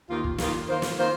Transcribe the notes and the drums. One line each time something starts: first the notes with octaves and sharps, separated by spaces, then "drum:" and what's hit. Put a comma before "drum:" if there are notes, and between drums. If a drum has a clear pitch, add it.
D#2 D#3 A#3 F4
drum: kick
D#2 D#3 A#3 F4, drum: snare
D#3 A#3 F4 C5
drum: snare
D#3 A#3 F4 C5